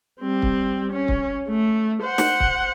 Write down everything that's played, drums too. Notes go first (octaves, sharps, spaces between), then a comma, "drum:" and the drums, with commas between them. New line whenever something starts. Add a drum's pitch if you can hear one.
G3 C4
drum: kick
C#4
drum: kick
A3
C5 F#5
drum: snare
drum: kick